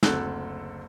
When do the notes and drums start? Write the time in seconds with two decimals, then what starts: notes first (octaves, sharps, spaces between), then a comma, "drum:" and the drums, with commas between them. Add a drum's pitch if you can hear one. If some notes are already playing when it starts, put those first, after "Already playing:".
0.03 F#1 D2 C4 A4 F#6, drum: snare